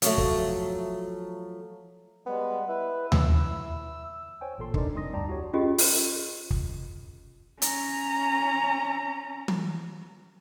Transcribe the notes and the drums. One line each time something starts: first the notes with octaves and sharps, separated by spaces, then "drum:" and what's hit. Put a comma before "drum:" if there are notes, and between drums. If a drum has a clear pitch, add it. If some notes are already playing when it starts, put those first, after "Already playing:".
F3 F#3 A3, drum: hi-hat
drum: kick
G3 G#3 B3
E4 B4
E6, drum: tom D#2
C5 C#5 G5 G#5
A1 A#2 A4 C6
D4 D#4 A#4 D5, drum: kick
F2 G3 D#4 C6 D#6 A#6
D2 G2 D5 G5 A5 A#5
E4 F#4 G4 C#5
C#4 F4 G4 G#4 D#5
drum: open hi-hat
drum: kick
C#4 A#5, drum: hi-hat
drum: tom E3